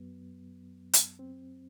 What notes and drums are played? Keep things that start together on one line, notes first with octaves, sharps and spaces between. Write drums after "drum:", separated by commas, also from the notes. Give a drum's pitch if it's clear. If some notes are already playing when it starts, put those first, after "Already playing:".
Already playing: F#2 F#3 B3
drum: hi-hat
C4